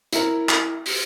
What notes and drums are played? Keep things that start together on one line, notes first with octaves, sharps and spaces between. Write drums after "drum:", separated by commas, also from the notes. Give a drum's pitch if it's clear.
E4 A#4, drum: hi-hat
drum: clap
drum: open hi-hat